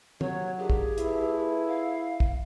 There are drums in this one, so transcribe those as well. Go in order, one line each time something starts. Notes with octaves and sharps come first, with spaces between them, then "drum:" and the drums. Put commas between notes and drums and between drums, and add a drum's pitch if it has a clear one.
D#2 C3 F#3 C#5, drum: tom
D3 D#3 F4 G4 G#4
drum: kick
A3 E4 B4, drum: hi-hat
F5
drum: kick